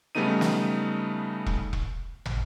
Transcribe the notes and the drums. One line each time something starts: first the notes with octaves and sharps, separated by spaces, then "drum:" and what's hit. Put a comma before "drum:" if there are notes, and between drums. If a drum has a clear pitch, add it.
C#3 G3 A3 B3 D#4 D#7
drum: snare
drum: kick E1
drum: kick E1
drum: tom